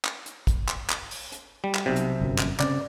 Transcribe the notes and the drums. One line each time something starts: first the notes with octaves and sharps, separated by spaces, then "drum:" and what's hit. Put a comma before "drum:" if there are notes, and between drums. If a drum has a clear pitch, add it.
drum: clap
drum: hi-hat
drum: kick, hi-hat
drum: clap
drum: clap
drum: open hi-hat
drum: hi-hat
G3
drum: clap
B1 C3
drum: hi-hat
G1 F#2
drum: clap
C#3 C4 D5, drum: clap